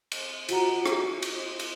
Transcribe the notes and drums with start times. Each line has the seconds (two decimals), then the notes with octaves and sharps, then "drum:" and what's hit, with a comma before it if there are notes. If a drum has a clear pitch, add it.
0.12 drum: cymbal
0.49 F4 F#4 F#5 A#5, drum: cymbal
0.86 drum: rim click
1.22 drum: cymbal
1.59 drum: cymbal